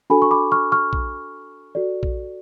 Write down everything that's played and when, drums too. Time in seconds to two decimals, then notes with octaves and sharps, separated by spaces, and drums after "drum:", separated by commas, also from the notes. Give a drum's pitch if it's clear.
0.10 D4 F#4 A4 G#5 B5
0.22 C#6
0.31 B5 D6
0.52 C#6 F6
0.72 C#6 F6
0.93 drum: kick A#1
1.75 F#4 A4 D5
2.03 drum: kick A#1